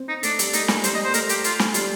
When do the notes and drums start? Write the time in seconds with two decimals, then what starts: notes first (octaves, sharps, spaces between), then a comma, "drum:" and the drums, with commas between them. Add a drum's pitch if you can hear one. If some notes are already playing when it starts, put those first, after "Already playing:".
Already playing: C4
0.08 D#4
0.23 A3 D4, drum: hi-hat
0.39 G3, drum: hi-hat
0.53 A3 D#4, drum: hi-hat
0.68 A#3, drum: snare
0.84 G3 C5, drum: hi-hat
0.94 D#5
1.04 C5
1.08 A#3
1.14 A3 A#4, drum: hi-hat
1.29 G4, drum: hi-hat
1.44 F4, drum: hi-hat
1.59 drum: snare
1.74 G3 F4, drum: hi-hat